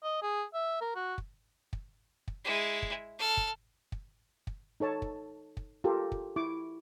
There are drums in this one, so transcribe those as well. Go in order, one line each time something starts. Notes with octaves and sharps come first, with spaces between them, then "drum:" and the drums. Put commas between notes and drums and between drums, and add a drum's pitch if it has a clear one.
D#5
G#4
E5
A#4
F#4
drum: kick
drum: kick
drum: kick
G#3 E4
drum: kick
A4 F6
drum: kick
drum: kick
drum: kick
D#4 A4 C#5 A5
drum: kick
drum: kick
F4 G4 A4 A#4
drum: kick
E4 C#6 D6